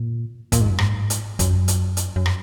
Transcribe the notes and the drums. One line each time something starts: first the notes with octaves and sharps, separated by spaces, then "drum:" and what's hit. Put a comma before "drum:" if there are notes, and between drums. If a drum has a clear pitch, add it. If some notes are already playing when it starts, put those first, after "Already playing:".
Already playing: A#2
A#2, drum: kick, hi-hat
G#2
F#2
G#2, drum: rim click
drum: hi-hat
F#2, drum: kick, hi-hat
drum: hi-hat
drum: hi-hat
F#2
drum: rim click